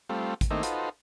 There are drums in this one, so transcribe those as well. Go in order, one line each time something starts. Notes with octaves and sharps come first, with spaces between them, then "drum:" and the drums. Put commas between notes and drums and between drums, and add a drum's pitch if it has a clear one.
G3 A3 C4 F4
drum: kick A1, hi-hat
D#3 A3 A#3 C4 D#4 E4
D#4 F4 F#4 A4 B4 C5, drum: hi-hat